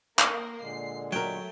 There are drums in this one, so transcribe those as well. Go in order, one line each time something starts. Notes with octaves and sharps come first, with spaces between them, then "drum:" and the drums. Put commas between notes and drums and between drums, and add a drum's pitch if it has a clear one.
A#3 A#4, drum: clap
A#2 D3 G#3 C7
F#3 A3 A#4 G5